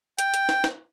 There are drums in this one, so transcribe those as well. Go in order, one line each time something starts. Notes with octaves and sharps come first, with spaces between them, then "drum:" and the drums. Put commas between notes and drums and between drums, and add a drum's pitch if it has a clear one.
G5, drum: hi-hat
drum: hi-hat
drum: snare
drum: snare